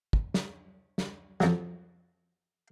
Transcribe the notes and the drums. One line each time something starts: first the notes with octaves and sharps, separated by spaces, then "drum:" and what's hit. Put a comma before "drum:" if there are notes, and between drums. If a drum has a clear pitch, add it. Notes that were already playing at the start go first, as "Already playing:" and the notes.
drum: kick
drum: snare
drum: snare
F2 F#3, drum: snare